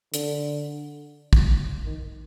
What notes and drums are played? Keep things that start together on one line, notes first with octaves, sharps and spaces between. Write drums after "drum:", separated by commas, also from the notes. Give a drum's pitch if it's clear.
D3, drum: hi-hat
drum: kick
D#3